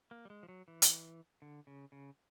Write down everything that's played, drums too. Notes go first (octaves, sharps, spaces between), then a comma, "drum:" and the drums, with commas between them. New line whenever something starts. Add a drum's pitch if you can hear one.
A#3
G3
G#3
F3
F#3
E3
drum: hi-hat
D3
C#3
C#3